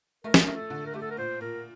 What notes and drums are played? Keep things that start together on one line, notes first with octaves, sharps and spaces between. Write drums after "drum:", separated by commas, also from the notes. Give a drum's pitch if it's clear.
A3 A#4
drum: snare
A3
A4
D3
A#4
A3 G4
A4
A#4
A#2 C5
A#2 A#4